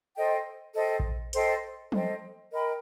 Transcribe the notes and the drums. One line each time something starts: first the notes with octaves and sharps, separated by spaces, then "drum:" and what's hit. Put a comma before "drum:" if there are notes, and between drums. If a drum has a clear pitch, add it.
A4 C5 D#5 G5
A4 C5 D#5 G5
drum: kick A#1
A4 C5 D#5 G5, drum: hi-hat
A4 C5 D#5 G5, drum: tom
A#4 D#5 G5 B5